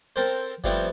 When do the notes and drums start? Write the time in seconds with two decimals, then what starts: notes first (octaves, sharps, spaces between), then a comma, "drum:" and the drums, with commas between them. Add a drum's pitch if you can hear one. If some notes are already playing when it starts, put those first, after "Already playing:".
0.16 C4 A4 A#4 C5
0.64 F3 G3 A3 B3 C4 E4, drum: kick F#1